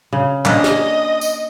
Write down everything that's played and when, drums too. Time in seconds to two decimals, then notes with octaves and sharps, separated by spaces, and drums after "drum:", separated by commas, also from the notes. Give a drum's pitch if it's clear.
0.13 C#3
0.45 A#3 C#4 D4 D#5, drum: clap
0.64 drum: snare
1.21 drum: tambourine